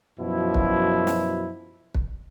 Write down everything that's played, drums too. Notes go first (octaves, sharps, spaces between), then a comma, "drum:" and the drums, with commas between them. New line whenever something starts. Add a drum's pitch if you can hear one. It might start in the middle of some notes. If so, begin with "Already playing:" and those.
F#2 B2 F3 E4
drum: kick
drum: snare
drum: kick